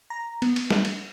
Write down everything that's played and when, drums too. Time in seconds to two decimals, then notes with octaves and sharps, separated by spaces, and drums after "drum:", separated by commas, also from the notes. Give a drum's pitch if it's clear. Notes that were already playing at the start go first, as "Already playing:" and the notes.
0.10 A#5
0.42 B3, drum: cymbal
0.56 drum: cymbal
0.70 drum: snare
0.85 drum: cymbal